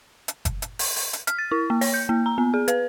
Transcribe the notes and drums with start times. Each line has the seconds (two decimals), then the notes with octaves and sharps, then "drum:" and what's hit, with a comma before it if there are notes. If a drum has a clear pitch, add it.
0.28 drum: hi-hat
0.45 drum: kick F#1, hi-hat
0.62 drum: hi-hat
0.79 drum: open hi-hat
0.96 drum: open hi-hat
1.13 drum: hi-hat
1.27 F6, drum: hi-hat
1.38 A6
1.51 E4
1.70 A#3
1.81 C#5, drum: open hi-hat
1.94 G6
2.09 A#3
2.26 A#5
2.38 B3
2.54 G#4
2.68 B4, drum: hi-hat